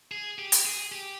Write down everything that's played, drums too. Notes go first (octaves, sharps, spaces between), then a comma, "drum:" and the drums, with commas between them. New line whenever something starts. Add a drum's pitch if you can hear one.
G#4
G4
drum: hi-hat
G#4
G4